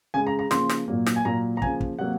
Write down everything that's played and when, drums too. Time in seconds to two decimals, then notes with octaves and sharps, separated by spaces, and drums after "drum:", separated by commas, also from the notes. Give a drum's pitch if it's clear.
0.14 C#3 G#3 G#5
0.27 A#5
0.39 A#5
0.51 C#3 F3 A#3 C6, drum: snare
0.69 drum: snare
0.88 A#2 F#3 A#3
1.06 drum: snare
1.16 G#5
1.25 A#2 F#3 A#3 A#5
1.57 A#5
1.62 C#3 F3 A#3 G#5, drum: kick
1.80 drum: kick
1.99 C3 F#3 A#3 F#5